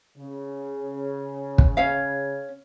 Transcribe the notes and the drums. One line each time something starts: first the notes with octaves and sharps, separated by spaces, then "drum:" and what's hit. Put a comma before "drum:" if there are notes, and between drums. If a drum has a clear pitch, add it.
C#3
drum: kick
C#4 C#5 F5